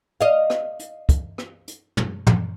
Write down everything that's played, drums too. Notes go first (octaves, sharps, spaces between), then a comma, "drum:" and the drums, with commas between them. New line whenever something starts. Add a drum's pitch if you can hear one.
D#5 F5
drum: rim click
drum: hi-hat
drum: kick, hi-hat
drum: rim click
drum: hi-hat
drum: tom
drum: tom